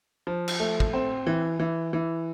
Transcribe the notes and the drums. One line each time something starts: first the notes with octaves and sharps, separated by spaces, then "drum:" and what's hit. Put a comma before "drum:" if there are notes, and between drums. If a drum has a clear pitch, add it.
F3
drum: cymbal
A3
drum: kick
C4
E3
E3
E3